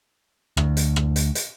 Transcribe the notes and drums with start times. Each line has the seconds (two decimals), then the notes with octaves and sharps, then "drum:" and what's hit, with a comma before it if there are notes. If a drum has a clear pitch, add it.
0.57 D2, drum: rim click
0.77 drum: hi-hat
0.96 drum: rim click
1.16 drum: hi-hat
1.35 drum: hi-hat